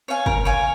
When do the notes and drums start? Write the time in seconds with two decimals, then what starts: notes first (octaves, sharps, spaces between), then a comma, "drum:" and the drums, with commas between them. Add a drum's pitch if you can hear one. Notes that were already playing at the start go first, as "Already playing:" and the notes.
0.08 C#5 F5 G#5
0.26 A#4, drum: kick
0.45 C#5 F5 G#5